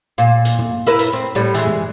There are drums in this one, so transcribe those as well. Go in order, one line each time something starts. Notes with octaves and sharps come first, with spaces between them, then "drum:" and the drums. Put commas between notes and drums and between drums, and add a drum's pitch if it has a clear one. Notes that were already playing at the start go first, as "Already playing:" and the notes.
A#2
drum: hi-hat
drum: tom
E4 A#4 B4
drum: hi-hat
C4
A2 G3
E3 G#3, drum: hi-hat
drum: tom